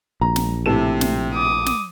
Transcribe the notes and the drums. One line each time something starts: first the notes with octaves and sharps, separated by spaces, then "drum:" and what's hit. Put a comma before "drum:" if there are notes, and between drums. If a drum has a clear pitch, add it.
A#1 A#5
drum: snare
A2 C3 A4 E7
drum: snare
D6 D#6
drum: snare